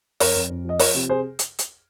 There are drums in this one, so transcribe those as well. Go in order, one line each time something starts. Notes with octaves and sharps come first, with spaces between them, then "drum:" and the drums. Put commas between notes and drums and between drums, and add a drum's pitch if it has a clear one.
F2 A#4 C#5, drum: open hi-hat
F2
F2
F3 D#5
F3 A#4 C#5, drum: open hi-hat
C3
C3 G#4 C5
drum: hi-hat
drum: hi-hat